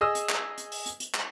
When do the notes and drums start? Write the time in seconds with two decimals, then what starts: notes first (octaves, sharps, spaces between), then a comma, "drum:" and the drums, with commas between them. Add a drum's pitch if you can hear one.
0.01 G#4 D#5 D#6 E6
0.15 drum: hi-hat
0.29 drum: clap
0.58 drum: hi-hat
0.72 drum: open hi-hat
0.86 drum: hi-hat
1.00 drum: hi-hat
1.14 drum: clap